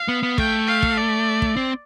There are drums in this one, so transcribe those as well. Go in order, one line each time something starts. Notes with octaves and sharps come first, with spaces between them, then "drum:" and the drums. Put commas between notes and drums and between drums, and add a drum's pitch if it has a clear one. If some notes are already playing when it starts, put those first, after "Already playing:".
Already playing: F5
B3
B3
A3 G5, drum: kick
F5
drum: kick
D5
drum: kick
C4